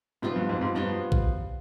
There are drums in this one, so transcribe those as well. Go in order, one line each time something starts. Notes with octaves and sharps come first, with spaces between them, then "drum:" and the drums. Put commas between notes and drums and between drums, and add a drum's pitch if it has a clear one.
G#2 C3 G3 B3 F4 C5
G2 B2
F2 G#2
F2 G#2
G2 B2 G3 B3 F4 C5
drum: kick A#1